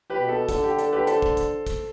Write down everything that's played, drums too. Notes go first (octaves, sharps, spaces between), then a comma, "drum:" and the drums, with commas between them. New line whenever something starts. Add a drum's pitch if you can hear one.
G4 B4
B2
A4
D3 A4, drum: kick, hi-hat
G4
A4, drum: hi-hat
G4 B4
A4 C5, drum: hi-hat
drum: kick
drum: kick, hi-hat
drum: kick, hi-hat